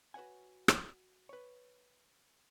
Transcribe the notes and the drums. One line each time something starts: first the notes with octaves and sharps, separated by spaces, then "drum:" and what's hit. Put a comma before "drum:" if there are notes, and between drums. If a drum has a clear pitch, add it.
F#4 B4 C#5 F#5 G#5
drum: rim click
B4 C#5